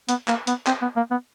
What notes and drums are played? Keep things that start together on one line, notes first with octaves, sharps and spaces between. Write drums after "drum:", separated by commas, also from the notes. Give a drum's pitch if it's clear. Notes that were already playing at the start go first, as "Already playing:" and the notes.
B3, drum: hi-hat
A#3, drum: clap
B3, drum: hi-hat
C4, drum: clap
B3
A#3
B3